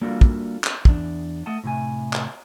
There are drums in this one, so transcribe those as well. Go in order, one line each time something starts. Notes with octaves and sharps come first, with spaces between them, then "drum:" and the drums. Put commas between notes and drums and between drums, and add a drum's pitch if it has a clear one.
G3 A#3 D4 F4 F#4 A4
drum: kick
drum: clap
E2 D4, drum: kick
A3 D#5 F#5 A5
A2 C3 G#5
drum: clap